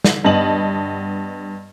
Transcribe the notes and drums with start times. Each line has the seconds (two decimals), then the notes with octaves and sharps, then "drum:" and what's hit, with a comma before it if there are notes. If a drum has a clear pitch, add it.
0.04 drum: snare
0.25 G2 B3 D#5 A5 F#7